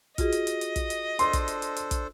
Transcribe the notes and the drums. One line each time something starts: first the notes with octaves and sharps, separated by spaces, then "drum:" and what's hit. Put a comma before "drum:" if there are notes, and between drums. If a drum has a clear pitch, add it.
F4 F#4 G#4 D#5, drum: kick, hi-hat
drum: hi-hat
drum: hi-hat
drum: hi-hat
drum: kick, hi-hat
drum: hi-hat
D4 A4 C5 C6, drum: hi-hat
drum: kick, hi-hat
drum: hi-hat
drum: hi-hat
drum: hi-hat
drum: kick, hi-hat